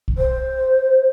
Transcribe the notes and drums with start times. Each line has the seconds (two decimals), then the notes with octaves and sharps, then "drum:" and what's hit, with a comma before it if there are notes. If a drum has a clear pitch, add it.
0.08 drum: kick
0.18 C5